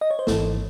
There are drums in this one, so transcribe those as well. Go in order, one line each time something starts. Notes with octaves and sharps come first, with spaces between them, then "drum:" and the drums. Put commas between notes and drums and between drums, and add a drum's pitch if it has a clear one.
D#5
C#5
C5
G#1 G#2 E3 A4, drum: snare